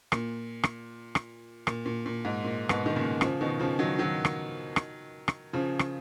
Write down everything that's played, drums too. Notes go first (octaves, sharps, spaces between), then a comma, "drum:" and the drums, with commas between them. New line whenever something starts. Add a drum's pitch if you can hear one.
A#2, drum: rim click
drum: rim click
drum: rim click
A#2, drum: rim click
A#2
A#2
G#2
A#2
G#2 B2, drum: rim click
D#3
A#2 C#3
C#3 F3, drum: rim click
B2 D#3
C#3 F3
D#3 F#3
D#3 F#3
drum: rim click
drum: rim click
drum: rim click
C#3 F3
drum: rim click